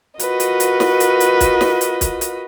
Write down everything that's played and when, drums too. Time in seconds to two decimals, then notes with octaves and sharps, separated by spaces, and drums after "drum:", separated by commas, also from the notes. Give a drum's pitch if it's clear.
0.19 F4 F#4 A#4 B4 D#5, drum: hi-hat
0.40 drum: hi-hat
0.60 drum: hi-hat
0.80 drum: snare
1.00 drum: hi-hat
1.20 drum: hi-hat
1.40 drum: kick, hi-hat
1.61 drum: snare
1.81 drum: hi-hat
2.01 drum: kick, hi-hat
2.21 drum: hi-hat